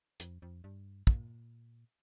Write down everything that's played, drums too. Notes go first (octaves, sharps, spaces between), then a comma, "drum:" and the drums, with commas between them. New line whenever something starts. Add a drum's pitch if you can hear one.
F2, drum: hi-hat
F2
G2
A#2, drum: kick